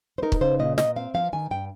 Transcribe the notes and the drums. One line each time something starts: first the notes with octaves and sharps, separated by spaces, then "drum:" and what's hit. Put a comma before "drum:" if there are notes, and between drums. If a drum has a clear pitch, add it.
C5
D#4 A#4
drum: kick
C#3 C5
A#2 D#5
A#2 D#5, drum: snare
C4 F5
F3 F5
D#3 G#5
G2 G5